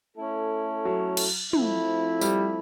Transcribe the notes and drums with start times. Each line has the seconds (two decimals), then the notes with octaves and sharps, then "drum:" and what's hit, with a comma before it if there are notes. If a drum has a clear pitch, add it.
0.17 A3 C#4 E4 A4
0.85 F#3
1.17 drum: cymbal
1.53 F3 A3 C4 E4, drum: tom
2.21 G3, drum: tambourine